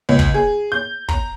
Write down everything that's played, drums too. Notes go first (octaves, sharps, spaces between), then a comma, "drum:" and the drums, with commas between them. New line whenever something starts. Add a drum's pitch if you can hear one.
C#2
drum: kick
G#4
G6
A#5, drum: kick